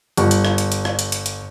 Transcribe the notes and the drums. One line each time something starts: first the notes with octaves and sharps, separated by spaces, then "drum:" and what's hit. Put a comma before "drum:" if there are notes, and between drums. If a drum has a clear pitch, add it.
G1, drum: hi-hat
drum: hi-hat
drum: rim click
drum: hi-hat
drum: hi-hat
drum: rim click
drum: hi-hat
drum: hi-hat
drum: hi-hat